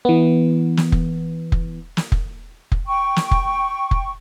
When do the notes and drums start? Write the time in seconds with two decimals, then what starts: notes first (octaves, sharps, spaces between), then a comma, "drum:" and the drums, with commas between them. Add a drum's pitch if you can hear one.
0.05 E3 B3
0.77 drum: snare
0.92 drum: kick F1
1.52 drum: kick F1
1.97 drum: snare
2.12 drum: kick F1
2.72 drum: kick F1
2.87 G5 C#6
3.16 drum: snare
3.31 drum: kick F1
3.91 drum: kick F1